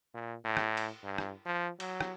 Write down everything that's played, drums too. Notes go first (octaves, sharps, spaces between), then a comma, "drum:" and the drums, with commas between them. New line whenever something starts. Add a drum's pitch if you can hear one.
A#2
A2
drum: rim click
drum: cymbal
G2
drum: rim click
F3
F#3, drum: cymbal
drum: rim click